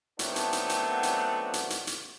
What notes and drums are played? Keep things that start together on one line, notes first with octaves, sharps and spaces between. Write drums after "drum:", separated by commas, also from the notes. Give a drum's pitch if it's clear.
D#3 F#3 A3 B3 C4 D4, drum: hi-hat
drum: hi-hat
drum: hi-hat
drum: hi-hat
drum: hi-hat
drum: hi-hat
drum: hi-hat
drum: hi-hat